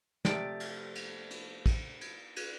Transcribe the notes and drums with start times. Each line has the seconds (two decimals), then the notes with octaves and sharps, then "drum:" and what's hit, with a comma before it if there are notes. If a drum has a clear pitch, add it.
0.25 C3 F3 A3 G4 D5, drum: snare
0.60 drum: cymbal
0.95 drum: cymbal
1.30 drum: cymbal
1.66 drum: kick, cymbal
2.01 drum: cymbal
2.36 drum: cymbal